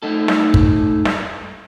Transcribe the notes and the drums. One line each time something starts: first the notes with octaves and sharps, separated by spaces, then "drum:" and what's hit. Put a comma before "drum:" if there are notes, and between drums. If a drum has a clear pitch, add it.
A3 D#4 A4
drum: snare
drum: kick
drum: snare